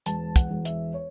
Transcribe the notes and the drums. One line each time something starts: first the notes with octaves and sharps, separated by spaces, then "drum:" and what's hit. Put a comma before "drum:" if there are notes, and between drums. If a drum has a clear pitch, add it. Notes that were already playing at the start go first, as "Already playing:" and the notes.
E1 A5, drum: hi-hat
F#5, drum: kick, hi-hat
E1
E5, drum: hi-hat
C#5